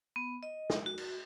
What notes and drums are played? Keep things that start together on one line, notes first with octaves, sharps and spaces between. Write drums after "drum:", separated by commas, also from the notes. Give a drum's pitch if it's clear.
B3
D#5
drum: snare
F#4
drum: cymbal